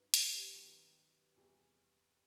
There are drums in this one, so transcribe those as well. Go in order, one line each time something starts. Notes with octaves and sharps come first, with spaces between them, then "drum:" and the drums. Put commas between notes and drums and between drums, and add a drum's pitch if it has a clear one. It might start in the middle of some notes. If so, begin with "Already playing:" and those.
Already playing: G2 F#3 C4 D#4 B4
B4, drum: hi-hat
G4
D#3 F#3 B3
E2 C3 E3 G3